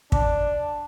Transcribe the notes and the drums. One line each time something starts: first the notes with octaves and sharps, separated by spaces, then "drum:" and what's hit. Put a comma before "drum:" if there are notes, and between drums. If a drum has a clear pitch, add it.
D4, drum: kick